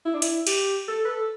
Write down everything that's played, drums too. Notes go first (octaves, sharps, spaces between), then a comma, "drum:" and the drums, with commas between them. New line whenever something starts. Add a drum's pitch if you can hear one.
E4
D4
E4, drum: hi-hat
G4, drum: cymbal
A4
B4
A4